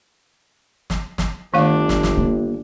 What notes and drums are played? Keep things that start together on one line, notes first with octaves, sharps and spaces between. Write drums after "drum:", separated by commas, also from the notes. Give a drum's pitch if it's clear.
drum: snare
drum: snare
G1 D#3 A3 D4 F5
drum: snare
drum: snare
A#3